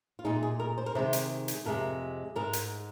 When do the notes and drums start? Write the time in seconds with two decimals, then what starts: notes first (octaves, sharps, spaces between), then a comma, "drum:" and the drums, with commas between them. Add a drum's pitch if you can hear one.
0.19 F4
0.25 A#2 G#3 D#4
0.43 G#4
0.60 A#4
0.78 C5
0.86 A#4
0.95 C3 D#3 G#3 C5
1.13 drum: hi-hat
1.48 drum: hi-hat
1.65 F2 C3 G#3 A#4
2.36 G#2 G#3 A#4
2.53 drum: hi-hat